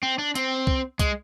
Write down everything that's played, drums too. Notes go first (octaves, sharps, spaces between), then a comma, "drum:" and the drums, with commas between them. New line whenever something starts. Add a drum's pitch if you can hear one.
C4
D4
C4, drum: hi-hat
drum: kick C2
G#3, drum: kick C2, hi-hat